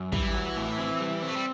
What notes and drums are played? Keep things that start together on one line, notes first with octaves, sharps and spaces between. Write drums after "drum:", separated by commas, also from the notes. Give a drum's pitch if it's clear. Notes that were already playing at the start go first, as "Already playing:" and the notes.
Already playing: F#2
E3 G3, drum: kick
F#4
A2
C4
G3
C4
A3
G3